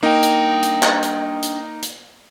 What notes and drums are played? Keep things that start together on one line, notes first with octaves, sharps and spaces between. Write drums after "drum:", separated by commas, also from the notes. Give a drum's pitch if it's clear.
A#3 D4 D#4 G5
drum: hi-hat
drum: hi-hat
drum: clap
drum: hi-hat
drum: hi-hat
drum: hi-hat